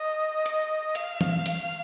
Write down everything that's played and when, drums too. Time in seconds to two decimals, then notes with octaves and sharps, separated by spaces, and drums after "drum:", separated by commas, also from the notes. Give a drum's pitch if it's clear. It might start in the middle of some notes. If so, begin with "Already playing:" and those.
Already playing: D#5
0.46 drum: hi-hat
0.95 F5, drum: hi-hat
1.21 drum: tom E3
1.46 drum: hi-hat